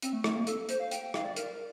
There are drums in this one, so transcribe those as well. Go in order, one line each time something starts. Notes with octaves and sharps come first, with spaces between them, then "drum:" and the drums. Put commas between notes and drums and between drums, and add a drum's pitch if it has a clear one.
C4, drum: hi-hat
A3
A3, drum: rim click
A#3
A4, drum: hi-hat
C5, drum: hi-hat
F5
G5, drum: hi-hat
G5
F5, drum: rim click
D5
A#4, drum: hi-hat